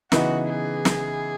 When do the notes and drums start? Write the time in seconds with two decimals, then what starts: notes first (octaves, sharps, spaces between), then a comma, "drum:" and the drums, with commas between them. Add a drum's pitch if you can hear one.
0.12 C#3 E3 B3 D#4 F#4, drum: snare
0.48 G#4
0.85 drum: snare